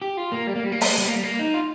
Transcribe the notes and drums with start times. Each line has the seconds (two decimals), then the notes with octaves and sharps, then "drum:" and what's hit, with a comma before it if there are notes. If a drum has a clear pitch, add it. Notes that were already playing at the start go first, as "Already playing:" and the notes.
0.02 G4
0.17 F4
0.32 A#3
0.47 G3
0.55 A#3
0.64 G3
0.72 A#3
0.81 G3, drum: open hi-hat
0.90 A#3
0.98 G3
1.07 A#3
1.16 G3
1.23 A#3
1.39 D#4
1.54 F4